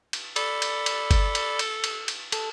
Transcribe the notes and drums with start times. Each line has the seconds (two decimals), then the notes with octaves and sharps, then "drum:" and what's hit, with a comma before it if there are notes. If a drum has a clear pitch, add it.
0.13 drum: cymbal
0.36 A4 D5 B5, drum: cymbal
0.62 drum: cymbal
0.86 drum: cymbal
1.11 drum: kick G1, cymbal
1.35 drum: cymbal
1.59 drum: cymbal
1.84 drum: cymbal
2.08 drum: cymbal
2.32 A4, drum: cymbal